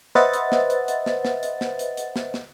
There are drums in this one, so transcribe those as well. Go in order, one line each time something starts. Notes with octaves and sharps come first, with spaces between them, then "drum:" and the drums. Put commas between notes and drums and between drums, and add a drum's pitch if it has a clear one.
B4 C5 D#5 E5 F#5 A6, drum: snare
drum: hi-hat
drum: snare
drum: hi-hat
drum: hi-hat
drum: snare
drum: snare
drum: hi-hat
drum: snare
drum: hi-hat
drum: hi-hat
drum: snare
drum: snare